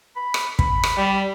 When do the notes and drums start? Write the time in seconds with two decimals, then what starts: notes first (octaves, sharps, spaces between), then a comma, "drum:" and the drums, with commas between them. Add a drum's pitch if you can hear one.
0.16 B5
0.34 drum: rim click
0.59 B5, drum: kick
0.83 drum: rim click
0.97 G3